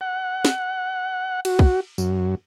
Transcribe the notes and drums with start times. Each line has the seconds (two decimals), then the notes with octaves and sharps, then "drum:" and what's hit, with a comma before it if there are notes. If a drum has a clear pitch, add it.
0.01 F#5
0.45 drum: snare
1.45 F#4, drum: cymbal
1.59 drum: kick
1.98 F#2, drum: tambourine